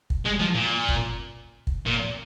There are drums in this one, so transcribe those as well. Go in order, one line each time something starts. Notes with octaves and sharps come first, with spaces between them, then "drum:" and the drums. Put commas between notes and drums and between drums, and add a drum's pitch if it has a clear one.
drum: kick
G#3
F3
A#2
drum: kick
drum: kick
A#2